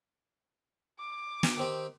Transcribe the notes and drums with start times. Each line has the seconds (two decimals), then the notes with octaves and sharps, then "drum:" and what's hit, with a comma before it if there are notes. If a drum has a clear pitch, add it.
0.99 D6
1.43 drum: snare
1.57 D#3 C4 G4